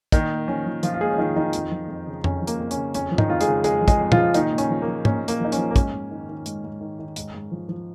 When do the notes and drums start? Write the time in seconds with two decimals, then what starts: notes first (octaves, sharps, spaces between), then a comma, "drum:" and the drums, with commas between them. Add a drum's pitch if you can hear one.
0.12 A#2 D#3 D#4, drum: kick, hi-hat
0.31 A#2
0.48 F3 C#4
0.66 F3
0.83 A#2 F3 F4, drum: hi-hat
0.94 F4
1.01 A#2 G#3 G#4
1.11 C#4
1.18 D#3 F3 D#4
1.36 D#3 F3 D#4
1.53 F2, drum: hi-hat
1.72 F3
1.88 F2
2.07 C#3
2.24 F2 C#4, drum: tom F2
2.42 F3
2.47 A#3, drum: hi-hat
2.58 F2
2.71 C#4, drum: hi-hat
2.77 C#3
2.94 F2 C#4, drum: hi-hat
3.11 F3
3.18 D#3 D#4, drum: tom G#2
3.30 F2 F4
3.41 G#3 G#4, drum: hi-hat
3.48 C#3
3.64 F2 G#3 G#4, drum: hi-hat
3.82 F3
3.88 G#3 G#4, drum: kick, hi-hat
4.00 F2
4.12 F3 F4, drum: tom
4.18 C#3
4.34 A#2 D#3 D#4, drum: hi-hat
4.52 A#2
4.58 C#4, drum: hi-hat
4.70 F3
4.82 A#3
4.87 F3
5.05 A#2 C#4, drum: tom G#2
5.23 A#2
5.28 A#3, drum: hi-hat
5.40 F3 D#4
5.52 C#4, drum: hi-hat
5.58 F3
5.71 A#3
5.76 G#2 C#4, drum: kick, hi-hat
5.93 G#2
6.11 D#3
6.29 D#3
6.46 G#2, drum: hi-hat
6.64 G#2
6.81 D#3
6.99 D#3
7.16 G#2, drum: hi-hat
7.34 G#2
7.52 F3
7.69 F3